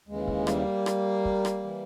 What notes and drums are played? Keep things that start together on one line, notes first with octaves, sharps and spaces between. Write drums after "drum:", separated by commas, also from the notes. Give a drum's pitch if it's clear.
D#2 C#3 E3 G#3
drum: kick
G3 A#3, drum: rim click
drum: rim click
drum: kick
drum: rim click
E3